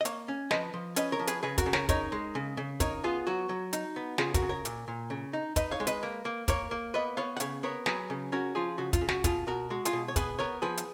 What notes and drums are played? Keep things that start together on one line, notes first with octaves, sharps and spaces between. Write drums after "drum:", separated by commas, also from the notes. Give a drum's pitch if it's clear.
D#5
A#3 C#5 F5, drum: hi-hat
C#4
F3 B4 D#5, drum: snare
F3
C#4 B4 D#5, drum: hi-hat
A#4 C#5
F3
G#4 B4, drum: hi-hat
C#3 G#4 B4
F#4 A#4, drum: kick, hi-hat
C#3
A#4 C#5, drum: snare
D#4 A#4 C#5, drum: kick, hi-hat
G#3
C#3
C#3
D#4 A#4 C#5, drum: kick, hi-hat
B3 F4 G#4
F#3 F#4
F#3
D#4, drum: hi-hat
B3
C#3 F4 G#4, drum: snare
F#4 A#4, drum: kick, hi-hat
C#3
A#4 C#5
A#2, drum: hi-hat
A#2
C#3
D#4
D#4 B4 D#5, drum: kick, hi-hat
C#5 F5
G#3
B4 D#5, drum: hi-hat
A#3
A#3
A#3 A#4 C#5, drum: kick, hi-hat
A#3
B3 B4 D#5
B3 C#5 F5
F#5
C#3 C#5 F5, drum: hi-hat
B3 A#4 C#5
F#3 G#4 B4, drum: snare
C#3
C#4 F#4 A#4
F3 F4 G#4
C#3 F#4
F4, drum: kick, hi-hat
C#3
F#4, drum: snare
B2 F4 G#4, drum: kick, hi-hat
B2 F#4 A#4
G#3 F#4
F4 G#4, drum: hi-hat
B2
C#5
B3 G#4 B4, drum: kick, hi-hat
B3 A#4 C#5
F3 G#4 B4
drum: hi-hat